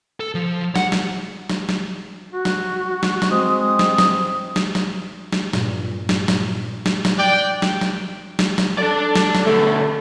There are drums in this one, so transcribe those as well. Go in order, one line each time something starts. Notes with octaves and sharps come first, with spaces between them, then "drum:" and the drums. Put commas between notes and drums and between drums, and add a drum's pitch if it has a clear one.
A4
F3
F#5, drum: snare
drum: snare
drum: snare
drum: snare
F#4
drum: snare
drum: snare
drum: snare
G#3 C4 D#6
drum: snare
drum: snare
drum: snare
drum: snare
drum: snare
G2 A#2, drum: snare
drum: snare
drum: snare
drum: snare
drum: snare
D5 G5 F#6
drum: snare
drum: snare
drum: snare
drum: snare
D4 A4 D5
drum: snare
drum: snare
B2 D3 A3